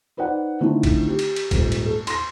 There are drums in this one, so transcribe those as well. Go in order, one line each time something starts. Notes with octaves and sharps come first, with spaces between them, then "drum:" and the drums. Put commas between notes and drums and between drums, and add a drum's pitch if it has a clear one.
D#4 B4 C5 D5 F#5
D3 D#3 A3 C4 E4 F4
drum: kick, cymbal
G4
drum: cymbal
drum: cymbal
D#1 G#2, drum: kick, cymbal
drum: cymbal
A4
C6 A#6, drum: cymbal